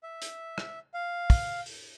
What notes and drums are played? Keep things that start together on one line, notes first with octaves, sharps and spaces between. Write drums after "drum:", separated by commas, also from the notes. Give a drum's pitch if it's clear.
E5
drum: hi-hat
drum: rim click
F5
drum: kick, open hi-hat
drum: open hi-hat